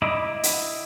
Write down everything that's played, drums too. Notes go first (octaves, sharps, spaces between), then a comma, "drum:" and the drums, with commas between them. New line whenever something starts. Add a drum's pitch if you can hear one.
E4 D#5 B5 D6
drum: hi-hat